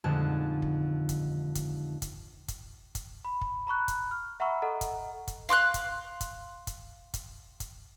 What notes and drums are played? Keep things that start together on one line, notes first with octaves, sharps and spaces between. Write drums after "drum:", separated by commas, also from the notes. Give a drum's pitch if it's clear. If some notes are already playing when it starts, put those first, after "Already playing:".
D#1 F2 D3 G#3 A5
drum: kick
drum: kick, hi-hat
drum: kick, hi-hat
drum: kick, hi-hat
drum: kick, hi-hat
drum: kick, hi-hat
B5
drum: kick
A#5 B5 C#6 F#6
drum: kick, hi-hat
F6
E5 F#5 A#5 B5 C#6 E6
A4 D#5 F#5 A#5
drum: kick, hi-hat
drum: kick, hi-hat
F5 C6 D6 F#6
drum: kick, hi-hat
drum: kick, hi-hat
drum: kick, hi-hat
drum: kick, hi-hat
drum: kick, hi-hat